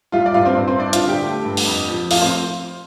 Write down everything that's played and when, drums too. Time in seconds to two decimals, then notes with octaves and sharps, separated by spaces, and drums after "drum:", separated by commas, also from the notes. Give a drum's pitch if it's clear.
0.12 G3 F4 F5
0.26 D5
0.34 G2 F4 F5
0.45 C4 C5
0.56 G2
0.67 C4 C5
0.78 G2 D4 D5
0.93 F4 F5, drum: hi-hat
1.02 D3
1.08 G4 G5
1.23 A3
1.45 G2
1.57 drum: open hi-hat
1.66 F2
1.89 F3
2.11 A3 F4 F5, drum: open hi-hat
2.22 C4 C5